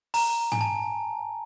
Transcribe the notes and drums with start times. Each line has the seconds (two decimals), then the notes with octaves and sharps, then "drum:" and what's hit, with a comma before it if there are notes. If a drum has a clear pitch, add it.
0.14 A#5, drum: open hi-hat
0.52 G#5, drum: tom G#2
0.61 A5